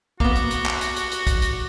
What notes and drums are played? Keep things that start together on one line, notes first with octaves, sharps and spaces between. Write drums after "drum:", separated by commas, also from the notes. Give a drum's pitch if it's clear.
A#3 B3 F#4 D6 G7, drum: kick
drum: hi-hat
drum: hi-hat
drum: clap
drum: hi-hat
drum: hi-hat
drum: hi-hat
drum: kick, hi-hat
drum: hi-hat